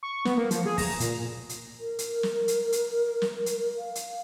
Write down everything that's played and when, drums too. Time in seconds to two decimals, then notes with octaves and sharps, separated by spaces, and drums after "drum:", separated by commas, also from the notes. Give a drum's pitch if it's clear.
0.03 C#6
0.25 B3, drum: snare
0.37 A#3
0.51 F3, drum: hi-hat
0.66 G#4
0.78 A#5, drum: kick, open hi-hat
1.00 A#2, drum: hi-hat
1.49 drum: hi-hat
1.80 A#4
1.99 drum: hi-hat
2.23 drum: snare
2.48 drum: hi-hat
2.72 drum: hi-hat
3.22 drum: snare
3.46 drum: hi-hat
3.77 F5
3.95 drum: hi-hat